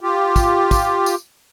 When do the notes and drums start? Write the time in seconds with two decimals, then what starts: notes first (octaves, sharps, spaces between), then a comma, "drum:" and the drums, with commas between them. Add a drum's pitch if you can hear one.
0.01 F4 G4
0.36 drum: kick, tambourine
0.71 drum: kick, tambourine
1.06 drum: tambourine